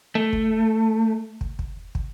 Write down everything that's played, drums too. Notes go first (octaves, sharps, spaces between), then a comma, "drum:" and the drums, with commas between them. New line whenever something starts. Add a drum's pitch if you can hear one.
A3
drum: kick
drum: kick
drum: kick
drum: kick